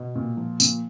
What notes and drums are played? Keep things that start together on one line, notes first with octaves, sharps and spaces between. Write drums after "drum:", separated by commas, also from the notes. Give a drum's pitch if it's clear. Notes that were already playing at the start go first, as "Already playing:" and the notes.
Already playing: B2
A#2
F3
A#2, drum: tambourine